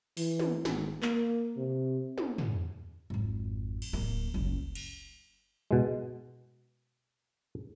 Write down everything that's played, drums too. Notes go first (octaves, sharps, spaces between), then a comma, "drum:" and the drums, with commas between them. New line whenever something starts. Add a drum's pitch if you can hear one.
E3, drum: open hi-hat
drum: tom
G#1, drum: snare
A#3, drum: clap
C3
drum: tom
drum: tom
G#1 F2
drum: cymbal
D1 A#3
F#1 C#2
drum: cymbal
B2 G#3